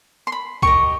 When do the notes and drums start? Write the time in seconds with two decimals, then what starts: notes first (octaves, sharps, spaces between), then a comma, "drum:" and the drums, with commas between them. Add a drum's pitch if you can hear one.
0.27 C6
0.32 B5
0.62 G4 A#4 D#5 C#6, drum: kick C2